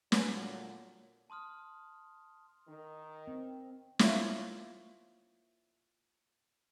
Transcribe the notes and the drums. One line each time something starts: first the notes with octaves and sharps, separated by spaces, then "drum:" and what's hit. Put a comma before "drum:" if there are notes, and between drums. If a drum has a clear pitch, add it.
A#2 D3 F#3 B4 C#5 G#5, drum: snare
A5 C6 D#6 F6
D#3
C4
A#3 E4 F4 C#5, drum: snare